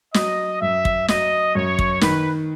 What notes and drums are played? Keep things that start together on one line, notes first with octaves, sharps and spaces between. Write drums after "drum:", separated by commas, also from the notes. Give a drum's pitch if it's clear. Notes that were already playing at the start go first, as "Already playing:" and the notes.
F#3 D#5, drum: snare
F#2 E5
drum: kick
F#3 D#5, drum: snare
F#2 C#5
drum: kick
D#3 B4, drum: snare